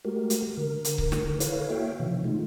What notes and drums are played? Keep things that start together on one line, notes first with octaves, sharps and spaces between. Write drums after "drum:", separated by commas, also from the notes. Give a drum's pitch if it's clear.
G#3 A3 F#4 G4 A#4
drum: hi-hat
D3 A#4
drum: hi-hat
drum: kick C#1
drum: snare
E4 A4 B4 C#5 F5, drum: hi-hat
A#3 F#4 C#5 E5 F5 G5
C3 D#3 F3
G#3 A3 D#4 F4